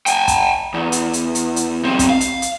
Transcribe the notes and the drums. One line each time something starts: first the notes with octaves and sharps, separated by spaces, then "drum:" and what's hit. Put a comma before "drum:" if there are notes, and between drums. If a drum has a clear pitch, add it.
G5 G#5, drum: hi-hat
drum: kick, hi-hat
E2
drum: hi-hat
drum: hi-hat
drum: hi-hat
drum: hi-hat
B1 C4
drum: kick, hi-hat
F5
drum: hi-hat
drum: hi-hat